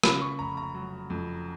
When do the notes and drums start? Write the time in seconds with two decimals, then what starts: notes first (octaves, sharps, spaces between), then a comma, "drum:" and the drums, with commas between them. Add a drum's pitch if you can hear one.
0.03 C#3 B5, drum: rim click
0.21 C#6
0.39 F1 A#5
0.57 A#5
0.74 F#3
1.10 F2